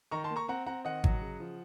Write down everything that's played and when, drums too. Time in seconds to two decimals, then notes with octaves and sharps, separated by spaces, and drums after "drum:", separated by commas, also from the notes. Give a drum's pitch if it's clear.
0.11 D#3 A#5 C#6
0.24 A5 C6
0.30 A#3
0.36 A#5 C#6
0.48 C4 F#5 A#5
0.66 C4 F#5 A#5
0.85 D#3 D#5 F#5
1.04 F#3, drum: kick G#1
1.21 C#3
1.40 F3